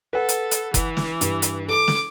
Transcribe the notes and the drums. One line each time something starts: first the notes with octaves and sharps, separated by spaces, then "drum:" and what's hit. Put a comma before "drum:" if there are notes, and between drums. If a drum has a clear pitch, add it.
A4 B4 F#5
drum: hi-hat
drum: hi-hat
E3, drum: kick F#1, hi-hat
drum: snare
G2 G3, drum: hi-hat
drum: hi-hat
A4 D6
drum: snare